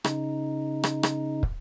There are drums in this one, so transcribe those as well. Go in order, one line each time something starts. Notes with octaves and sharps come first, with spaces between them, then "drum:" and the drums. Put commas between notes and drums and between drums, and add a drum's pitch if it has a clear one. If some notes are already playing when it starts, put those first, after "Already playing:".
C#3 D#4, drum: rim click
drum: rim click
drum: rim click
drum: kick